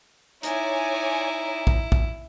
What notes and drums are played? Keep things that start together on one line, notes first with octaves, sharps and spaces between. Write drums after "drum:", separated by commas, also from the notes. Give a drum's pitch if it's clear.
D#4 E4 C#5 D5 G#5, drum: hi-hat
drum: kick A#1
drum: kick A#1